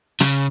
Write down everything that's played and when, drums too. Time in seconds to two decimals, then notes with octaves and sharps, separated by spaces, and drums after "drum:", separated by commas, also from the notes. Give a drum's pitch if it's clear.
0.20 C#3, drum: rim click